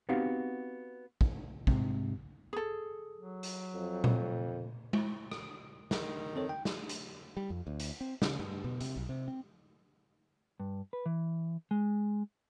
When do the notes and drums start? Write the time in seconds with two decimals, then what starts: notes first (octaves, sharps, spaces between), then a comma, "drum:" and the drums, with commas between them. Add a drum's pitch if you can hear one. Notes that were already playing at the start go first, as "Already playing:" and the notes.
0.09 B3 C4 D#4 F#4 G4 F5
1.21 drum: kick
1.67 G#2 C3, drum: kick
2.53 G#4 A4
3.16 F#3
3.43 drum: hi-hat
3.75 F2
4.04 drum: tom A#2
4.93 drum: tom G#3
5.32 drum: rim click
5.91 D#3, drum: snare
6.36 C4 A4 C#5
6.49 G5
6.65 drum: snare
6.89 drum: hi-hat
7.37 G3
7.50 F2
7.67 D2
7.80 drum: hi-hat
8.01 C4
8.22 C#3, drum: snare
8.39 G2
8.64 B2
8.81 C3, drum: hi-hat
8.96 B1
9.09 C3
9.28 C4
10.60 G2
10.93 B4
11.06 E3
11.71 G#3